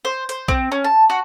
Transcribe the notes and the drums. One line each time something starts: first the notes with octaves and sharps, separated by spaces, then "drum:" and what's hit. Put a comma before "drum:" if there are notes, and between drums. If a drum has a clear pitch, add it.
C5
C5, drum: hi-hat
C4, drum: kick
C#4
A5
F#4